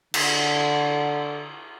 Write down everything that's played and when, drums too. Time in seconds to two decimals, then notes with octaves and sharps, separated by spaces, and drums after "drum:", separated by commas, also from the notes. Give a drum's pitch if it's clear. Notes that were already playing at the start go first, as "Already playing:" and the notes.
0.14 D3, drum: cymbal